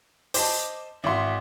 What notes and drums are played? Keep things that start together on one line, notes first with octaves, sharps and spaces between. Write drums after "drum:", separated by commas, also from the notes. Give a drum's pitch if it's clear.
C5 D#5 A5 D6, drum: open hi-hat
G#1 E3 F#4 E5 C6